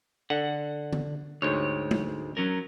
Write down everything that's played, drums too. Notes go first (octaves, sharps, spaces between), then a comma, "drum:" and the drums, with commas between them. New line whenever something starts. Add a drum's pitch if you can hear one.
D3 F#5
drum: tom D3
D2 G#2 G4 C#5
drum: tom G#3
F#3 C#4 A#4